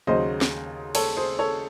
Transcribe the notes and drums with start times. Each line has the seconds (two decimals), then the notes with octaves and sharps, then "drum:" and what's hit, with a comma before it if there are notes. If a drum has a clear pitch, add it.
0.07 D#2 C#3 F#3 C5 D#5
0.41 drum: snare
0.95 A4 C#5, drum: cymbal
1.17 G#4 C5
1.39 A4 C#5